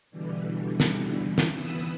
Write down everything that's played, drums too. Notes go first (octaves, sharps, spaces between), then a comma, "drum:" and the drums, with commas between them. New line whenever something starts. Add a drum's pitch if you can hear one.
B2 D3 E3 G3
drum: snare
drum: snare
E3 B3 B4 D#6 E6